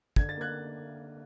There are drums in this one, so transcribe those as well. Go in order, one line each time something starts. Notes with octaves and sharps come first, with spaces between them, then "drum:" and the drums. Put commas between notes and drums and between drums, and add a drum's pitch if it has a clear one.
D3 G#6, drum: kick
A6
A#3 F#6 G#6